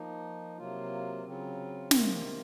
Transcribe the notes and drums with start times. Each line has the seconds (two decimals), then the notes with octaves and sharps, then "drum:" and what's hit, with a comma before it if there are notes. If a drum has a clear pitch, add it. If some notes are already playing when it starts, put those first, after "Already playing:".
Already playing: F3 A#3 D#4
0.58 C3 F#3 A#3 F4
1.25 C#3 F#3 C4 F4
1.91 C3 D#3 A#3 F4, drum: snare